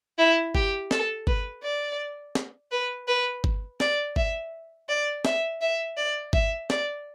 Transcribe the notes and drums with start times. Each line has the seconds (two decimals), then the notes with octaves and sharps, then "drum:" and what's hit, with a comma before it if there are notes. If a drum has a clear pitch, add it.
0.18 E4
0.55 G4, drum: kick G1
0.91 A4, drum: snare
1.27 B4, drum: kick G1
1.63 D5
2.35 drum: snare
2.72 B4
3.08 B4
3.44 drum: kick G1
3.80 D5, drum: snare
4.16 E5, drum: kick G1
4.89 D5
5.25 E5, drum: snare
5.61 E5
5.97 D5
6.33 E5, drum: kick G1
6.70 D5, drum: snare